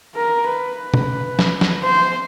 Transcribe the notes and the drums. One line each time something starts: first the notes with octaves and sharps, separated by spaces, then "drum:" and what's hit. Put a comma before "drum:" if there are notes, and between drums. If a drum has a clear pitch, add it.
A#4
B4
drum: tom B2
drum: snare
drum: snare
C5